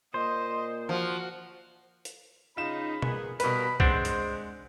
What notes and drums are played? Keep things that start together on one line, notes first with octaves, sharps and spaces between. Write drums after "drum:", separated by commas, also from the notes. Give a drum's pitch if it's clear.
A#2 C5 D#5
F3 F#4
drum: hi-hat
C#3 D#4 F4 B5 E7
A#3 B3 G#4, drum: tom B2
B2 G3 A#3 A#4 B4 B5, drum: hi-hat
G#3 C4 D4 C5 F#5, drum: kick C2
drum: hi-hat